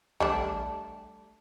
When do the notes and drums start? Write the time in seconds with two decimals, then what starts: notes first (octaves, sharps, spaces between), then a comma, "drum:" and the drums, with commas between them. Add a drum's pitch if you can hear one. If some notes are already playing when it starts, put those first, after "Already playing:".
0.20 G3 A3 D4, drum: tom